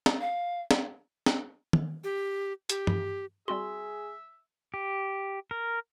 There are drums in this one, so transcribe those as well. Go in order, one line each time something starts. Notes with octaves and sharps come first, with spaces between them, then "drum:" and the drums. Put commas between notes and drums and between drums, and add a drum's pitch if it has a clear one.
drum: snare
F5
drum: snare
drum: snare
drum: tom D#3
G4
G4, drum: hi-hat
drum: tom G2
G3 C4 F#4 G#4 E5 C6
G4
A#4